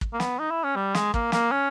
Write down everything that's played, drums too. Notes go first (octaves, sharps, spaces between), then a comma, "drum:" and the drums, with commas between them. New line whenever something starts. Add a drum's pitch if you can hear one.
drum: kick
A#3
B3, drum: snare
D#4
E4
C#4
G3
G#3, drum: snare
A#3, drum: kick
A#3, drum: snare
C#4